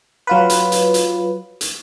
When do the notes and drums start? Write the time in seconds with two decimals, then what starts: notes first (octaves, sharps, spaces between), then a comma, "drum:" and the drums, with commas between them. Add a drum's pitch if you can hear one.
0.27 F#3 F4 B4
0.50 drum: hi-hat
0.72 drum: hi-hat
0.94 drum: hi-hat
1.61 drum: hi-hat